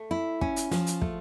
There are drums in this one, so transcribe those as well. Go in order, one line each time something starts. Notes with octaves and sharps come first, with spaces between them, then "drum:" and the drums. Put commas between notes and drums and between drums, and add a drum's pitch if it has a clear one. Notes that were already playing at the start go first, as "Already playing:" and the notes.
Already playing: A3
E4
C#4, drum: kick
drum: hi-hat
F3, drum: snare
drum: hi-hat
A3, drum: kick